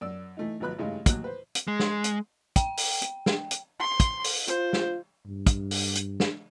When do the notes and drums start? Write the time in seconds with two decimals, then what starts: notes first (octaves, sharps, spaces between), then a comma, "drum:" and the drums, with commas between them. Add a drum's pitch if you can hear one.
0.01 F#2 D5 E6
0.37 E3 A3 D#4
0.60 G#1 F3 F#3 B4 B5 F#6
0.79 G2 C#3 E3 G#3 A3 D#4
1.06 D#2 A2 E3 F#3 F#6, drum: kick, hi-hat
1.24 B4 C5
1.55 drum: hi-hat
1.68 G#3
1.80 drum: snare
2.04 drum: hi-hat
2.56 G5, drum: kick, hi-hat
2.77 drum: open hi-hat
3.02 drum: hi-hat
3.26 drum: snare
3.51 drum: hi-hat
3.80 C6
4.00 drum: kick, hi-hat
4.24 drum: open hi-hat
4.48 F4 C5, drum: hi-hat
4.73 drum: snare
5.26 G2
5.47 drum: kick, hi-hat
5.71 drum: open hi-hat
5.95 drum: hi-hat
6.20 drum: snare